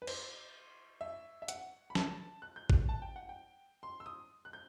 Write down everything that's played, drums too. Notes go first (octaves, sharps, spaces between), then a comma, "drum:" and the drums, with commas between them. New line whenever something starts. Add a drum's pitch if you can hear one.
B4
C5, drum: cymbal
E5
E5
F#5, drum: hi-hat
B5
A5, drum: snare
F#6
G6
F#6, drum: kick G#1
A5
G5
F#5
G5
C6
E6
D#6
F#6
G6